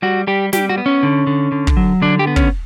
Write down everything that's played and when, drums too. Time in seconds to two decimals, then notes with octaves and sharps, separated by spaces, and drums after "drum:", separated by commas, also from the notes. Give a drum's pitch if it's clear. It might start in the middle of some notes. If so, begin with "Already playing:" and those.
0.02 G3 F#4
0.27 G3 G4
0.53 G3 G4, drum: snare
0.69 F#4
0.78 B3
0.86 C#4
1.03 D3
1.27 D3
1.52 D3
1.67 drum: kick
1.77 F#3
2.02 D3 D4
2.19 G4
2.27 B3
2.36 C#4, drum: kick